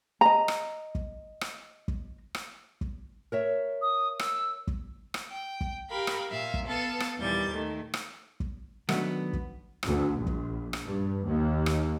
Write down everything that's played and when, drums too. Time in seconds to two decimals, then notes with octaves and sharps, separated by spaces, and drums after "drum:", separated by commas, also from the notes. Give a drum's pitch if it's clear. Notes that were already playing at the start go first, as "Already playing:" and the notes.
0.21 D#5 A#5
0.48 drum: rim click
0.95 drum: kick
1.41 drum: rim click
1.88 drum: kick
2.35 drum: rim click
2.81 drum: kick
3.32 A#4 C#5 E5
3.82 D#6
4.19 E6, drum: rim click
4.67 drum: kick
5.14 drum: rim click
5.29 G5
5.61 drum: kick
5.90 G4 A#4 F5 B5
6.07 drum: rim click
6.30 A#2 E5 F5
6.54 drum: kick
6.67 B3 A4 F5
7.00 drum: rim click
7.19 D#2 A#2 E3 G3 G6 A6
7.50 D#3 A3
7.94 drum: rim click
8.40 drum: kick
8.89 D#3 F#3 A3 B3 D4, drum: rim click
9.33 drum: kick
9.83 D2, drum: rim click
10.14 A#1
10.26 drum: kick
10.73 drum: rim click
10.83 G2
11.24 D#2
11.66 drum: rim click